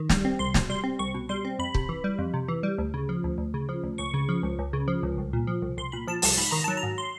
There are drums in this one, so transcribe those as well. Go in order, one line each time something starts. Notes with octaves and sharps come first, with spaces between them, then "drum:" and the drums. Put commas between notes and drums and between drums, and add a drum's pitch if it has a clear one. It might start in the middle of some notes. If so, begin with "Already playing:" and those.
Already playing: D#3
G3, drum: snare
C4
C2 C6
B2, drum: snare
G3 C6
C4
C2 C#6
B2
G3 C6
C4
F2 B5
C3, drum: kick
E3
G3
F2
C3
E3
G3
D2
C#3
F3
D2
D2
C#3
F3
D2
C#2 C#6
C#3
F3
C#2
C#2
C#3
F3
C#2
C2
A#2
F3
C2
C2 C6
A#2 B5
F3 A5
C2 A5, drum: open hi-hat
G#2 B5
D#3 A#5
F#3 A5
A#5
G#2
C6